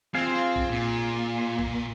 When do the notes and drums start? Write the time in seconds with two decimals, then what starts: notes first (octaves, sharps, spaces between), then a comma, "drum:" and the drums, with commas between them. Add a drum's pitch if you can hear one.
0.15 C4 F4 G#4 F5
0.56 drum: kick A#1
0.70 A#2
1.59 drum: kick A#1